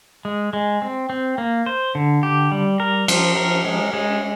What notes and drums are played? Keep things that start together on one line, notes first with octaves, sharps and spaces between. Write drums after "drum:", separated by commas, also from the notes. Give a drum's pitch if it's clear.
G#3
G#3
C4
C4
A#3
C5
D3
G4
G3
A#4
F3, drum: cymbal
A#4
G#3
G#3